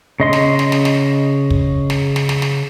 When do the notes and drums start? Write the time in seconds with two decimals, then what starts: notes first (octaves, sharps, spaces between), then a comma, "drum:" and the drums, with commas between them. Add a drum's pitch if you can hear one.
0.20 C#3 D#5 C6
0.33 drum: snare
0.59 drum: snare
0.72 drum: snare
0.85 drum: snare
1.50 drum: kick
1.90 drum: snare
2.16 drum: snare
2.29 drum: snare
2.42 drum: snare